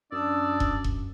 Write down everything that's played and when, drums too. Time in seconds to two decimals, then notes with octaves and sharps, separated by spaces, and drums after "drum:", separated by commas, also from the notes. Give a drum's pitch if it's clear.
0.12 F#2 D4 D5 D#6 E6
0.60 drum: kick E1
0.84 drum: kick E1